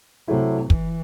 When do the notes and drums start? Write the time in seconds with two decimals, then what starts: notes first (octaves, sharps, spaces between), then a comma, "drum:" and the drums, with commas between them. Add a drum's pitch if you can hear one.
0.28 C3 F#3 A3 E4
0.70 E3, drum: kick